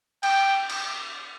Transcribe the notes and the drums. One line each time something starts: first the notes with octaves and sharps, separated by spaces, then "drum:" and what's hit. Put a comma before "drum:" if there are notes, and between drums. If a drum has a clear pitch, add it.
G5, drum: cymbal
drum: cymbal